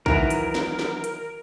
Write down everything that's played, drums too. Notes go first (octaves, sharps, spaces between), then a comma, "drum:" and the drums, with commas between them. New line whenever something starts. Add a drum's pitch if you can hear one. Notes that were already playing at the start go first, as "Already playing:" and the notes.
D#3 E3 F#3 A#4, drum: kick A#1
drum: hi-hat
drum: snare
drum: snare
drum: hi-hat